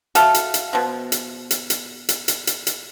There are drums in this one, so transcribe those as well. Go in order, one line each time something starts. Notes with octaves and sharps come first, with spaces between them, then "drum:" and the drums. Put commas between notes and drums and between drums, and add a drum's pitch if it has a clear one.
F#4 A4 E5 F5, drum: hi-hat
drum: hi-hat
drum: hi-hat
B2 F3
drum: hi-hat
drum: hi-hat
drum: hi-hat
drum: hi-hat
drum: hi-hat
drum: hi-hat
drum: hi-hat